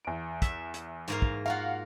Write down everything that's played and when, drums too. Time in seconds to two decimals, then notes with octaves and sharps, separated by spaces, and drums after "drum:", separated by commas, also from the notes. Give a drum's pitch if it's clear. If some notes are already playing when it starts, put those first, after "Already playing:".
0.05 E2 D7
0.42 E5, drum: kick, hi-hat
0.74 drum: hi-hat
1.08 G#2 A#3 F5, drum: hi-hat
1.22 drum: kick
1.46 F4 F#4 A#4 F5 F#5